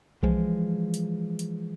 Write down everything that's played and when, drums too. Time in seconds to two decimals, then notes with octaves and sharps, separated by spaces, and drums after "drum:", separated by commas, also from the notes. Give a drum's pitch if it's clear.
0.23 E3 F3 G#3, drum: kick B1
0.94 drum: hi-hat
1.39 drum: hi-hat